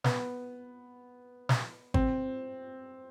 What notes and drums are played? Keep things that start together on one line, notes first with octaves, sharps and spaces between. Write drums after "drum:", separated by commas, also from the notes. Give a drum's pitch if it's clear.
B3, drum: snare
drum: snare
C4, drum: kick